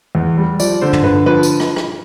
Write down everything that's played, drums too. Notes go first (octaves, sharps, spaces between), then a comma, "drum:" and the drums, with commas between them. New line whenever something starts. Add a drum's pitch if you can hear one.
E2
G3
F3 D5, drum: tambourine
D3 C5
drum: tom
D3 B4
F3 B4
drum: tambourine
drum: rim click
drum: rim click